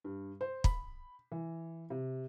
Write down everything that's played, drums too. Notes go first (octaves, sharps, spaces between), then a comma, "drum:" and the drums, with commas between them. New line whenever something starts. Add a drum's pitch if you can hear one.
G2
C5
B5, drum: kick
E3
C3